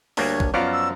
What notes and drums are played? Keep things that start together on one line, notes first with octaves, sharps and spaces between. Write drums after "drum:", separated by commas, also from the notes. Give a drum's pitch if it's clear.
D2 G3 A#3 D4 C#5, drum: open hi-hat
drum: kick
F#2 F3 B3 C#5 D5 F5 F6
E6